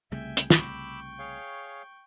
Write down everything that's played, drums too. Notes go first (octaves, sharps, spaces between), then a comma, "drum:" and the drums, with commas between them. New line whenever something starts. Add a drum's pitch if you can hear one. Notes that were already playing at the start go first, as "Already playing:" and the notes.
C2 C#3 A3 E5 G5 G#5
drum: hi-hat
G5 B5 C#6 D6 E6, drum: snare
G#4 C#5 F5